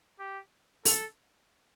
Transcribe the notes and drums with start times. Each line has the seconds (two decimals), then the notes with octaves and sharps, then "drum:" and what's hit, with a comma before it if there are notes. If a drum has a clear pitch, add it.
0.20 G4
0.85 A4, drum: open hi-hat